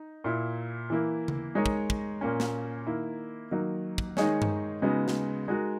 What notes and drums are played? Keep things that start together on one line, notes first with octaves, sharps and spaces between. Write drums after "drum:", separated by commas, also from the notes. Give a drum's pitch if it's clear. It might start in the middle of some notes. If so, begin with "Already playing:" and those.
Already playing: D#4
A#2 A#3 E4
E3 A#3 E4
drum: tom C#3
G#3 D#4 A#4 C#5
drum: kick
drum: kick
A#2 A#3 C#4
drum: snare
D#3 A#3 E4
D#3 F#3 A#3 D#4
drum: kick
D#3 G#3 D#4 G#4 C#5, drum: snare
drum: tom G2
C#3 G#3 B3 D#4 F#4
drum: snare
G#3 D#4 F#4 A#4